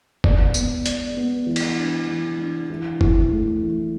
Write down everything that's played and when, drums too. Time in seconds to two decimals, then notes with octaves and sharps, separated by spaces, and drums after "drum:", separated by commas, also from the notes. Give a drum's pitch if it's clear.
0.24 D5, drum: kick
0.54 B3, drum: tambourine
0.86 D5, drum: hi-hat
1.17 B3
1.46 E3
1.56 drum: cymbal
1.78 D4
2.09 E3
2.39 D4
2.70 E3
3.01 E4, drum: kick
3.31 A3
3.62 E3